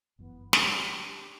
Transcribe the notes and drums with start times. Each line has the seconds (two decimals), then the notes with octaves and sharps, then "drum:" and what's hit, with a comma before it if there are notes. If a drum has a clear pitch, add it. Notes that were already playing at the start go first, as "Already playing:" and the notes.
0.19 G1 F#2 E3 B3
0.53 F#3 D4 G4, drum: snare